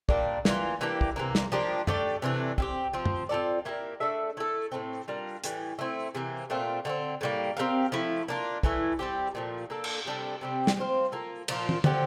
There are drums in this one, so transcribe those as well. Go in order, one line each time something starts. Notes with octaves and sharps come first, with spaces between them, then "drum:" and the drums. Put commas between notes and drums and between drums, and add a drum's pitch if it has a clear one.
A#2 G3 A#3 D4, drum: kick
E3 A#3 F4, drum: snare
E3 A#3 D4 G4
drum: kick
C3 E3 A#3
drum: snare
F3 A#3 D4 G4
A3 D4 G4 D5, drum: tom
C3 E3 A3 D4
C4 E4 G4, drum: kick
F3 C4 F4
drum: tom
C4 F4 A4 D5
A#3 E4 G4 A#4
A3 D4 A4 E5
A3 E4 A4
A2 E3 A3 C4
G3 D4 F4 A#4
A2 E3 G3, drum: hi-hat
A3 C4 E4
C3 E3 A#3
A#2 A3 C4 F4
D3 A3 C4
A2 G3 A#3
C4 G4 A#4 F5
F3 A3 E4
A#3 D4 F4
A2 E3 A3 E4, drum: kick
G3 C4 G4
A#2 F3 A3
A#3 D4 A4
drum: cymbal
C3 G3 D4 A4
C3 G3 C4 G4
drum: snare
C4 F4 C5 F5
A#3 F4 A4
A#2 F3 A#3 F4, drum: cymbal
drum: tom
D3 F3 C4 G4, drum: tom